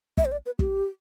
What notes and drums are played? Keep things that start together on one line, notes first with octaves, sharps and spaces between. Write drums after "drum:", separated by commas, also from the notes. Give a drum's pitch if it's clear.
E5, drum: kick
C5
D5
B4
G4, drum: kick